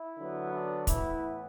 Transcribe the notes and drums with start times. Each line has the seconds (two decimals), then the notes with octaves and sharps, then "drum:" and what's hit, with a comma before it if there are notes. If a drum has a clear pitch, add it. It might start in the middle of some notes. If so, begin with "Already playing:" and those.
Already playing: E4
0.18 D3 F#3 B3
0.52 D4
0.87 A2 E3 B3 E4, drum: kick, hi-hat